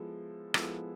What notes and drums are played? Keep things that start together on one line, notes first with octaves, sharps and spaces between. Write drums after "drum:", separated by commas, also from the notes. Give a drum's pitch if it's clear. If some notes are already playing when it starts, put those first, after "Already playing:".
Already playing: F3 G#3 B3 E4 A4
F3 G#3 B3 E4 A4, drum: rim click